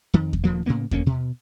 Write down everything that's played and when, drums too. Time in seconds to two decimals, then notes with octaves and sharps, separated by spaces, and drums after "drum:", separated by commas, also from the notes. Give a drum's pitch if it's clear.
0.14 F2 D#3
0.33 drum: kick E2
0.44 D#1 D2 F3 A#3
0.66 A2 C#3 A#3 B3
0.91 D2 A#3 C#4, drum: kick E2
1.06 B2